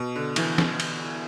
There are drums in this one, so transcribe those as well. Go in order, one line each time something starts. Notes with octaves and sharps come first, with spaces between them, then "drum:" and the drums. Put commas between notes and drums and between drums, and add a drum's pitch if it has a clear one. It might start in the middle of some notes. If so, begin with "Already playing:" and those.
Already playing: B2
D3
E3, drum: cymbal
drum: snare
drum: cymbal